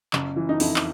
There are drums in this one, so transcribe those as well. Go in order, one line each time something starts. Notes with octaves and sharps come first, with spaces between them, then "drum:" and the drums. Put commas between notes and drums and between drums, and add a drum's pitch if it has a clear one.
F#1, drum: clap
E3
D#4
F2 E4, drum: open hi-hat
drum: clap